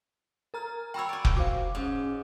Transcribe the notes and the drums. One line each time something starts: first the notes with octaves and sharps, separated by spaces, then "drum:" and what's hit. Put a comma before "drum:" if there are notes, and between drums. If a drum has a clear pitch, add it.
A#4 A#5 F6
F#4 C#5 G5 B5 E6
D5 G#5
drum: kick F1
F#4 C5 F5 D6
G#2 C#4